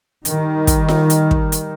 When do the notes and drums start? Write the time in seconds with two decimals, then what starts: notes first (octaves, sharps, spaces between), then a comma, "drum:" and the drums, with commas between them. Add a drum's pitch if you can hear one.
0.25 D#3 G3, drum: hi-hat
0.67 drum: kick, hi-hat
0.88 drum: snare F4
1.10 drum: hi-hat
1.31 drum: kick
1.52 drum: hi-hat